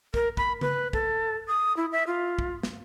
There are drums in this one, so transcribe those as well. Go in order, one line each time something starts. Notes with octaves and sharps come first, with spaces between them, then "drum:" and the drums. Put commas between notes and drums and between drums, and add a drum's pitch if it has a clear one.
A#4, drum: kick
B5, drum: kick
B4, drum: tom C#3
A4, drum: kick
D#6
E4
E5
F4
drum: kick
drum: snare